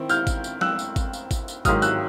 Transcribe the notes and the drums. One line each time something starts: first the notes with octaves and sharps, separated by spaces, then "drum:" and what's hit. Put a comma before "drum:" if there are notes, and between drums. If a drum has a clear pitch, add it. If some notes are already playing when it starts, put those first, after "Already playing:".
Already playing: D#3 C4 E4
F6 G6, drum: tambourine
drum: kick G#1, tambourine
drum: tambourine
E6 F#6, drum: snare
drum: tambourine
drum: kick G#1, tambourine
drum: tambourine
drum: kick G#1, tambourine
drum: tambourine
G#2 D#3 F#3 D#6 F6, drum: kick G#1, tambourine
E6 F#6, drum: tambourine